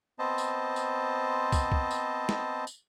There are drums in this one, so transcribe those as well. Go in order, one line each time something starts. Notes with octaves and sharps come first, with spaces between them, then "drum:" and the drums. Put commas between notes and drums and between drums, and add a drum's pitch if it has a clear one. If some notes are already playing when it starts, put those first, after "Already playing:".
B3 C4 C5 D#5 A5
drum: tambourine
drum: tambourine
drum: kick, tambourine
drum: kick
drum: tambourine
drum: snare
drum: tambourine